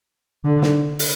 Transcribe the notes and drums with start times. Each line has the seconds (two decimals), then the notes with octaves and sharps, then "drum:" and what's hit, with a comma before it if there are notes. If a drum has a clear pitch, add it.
0.44 D3
0.62 drum: snare
0.99 drum: open hi-hat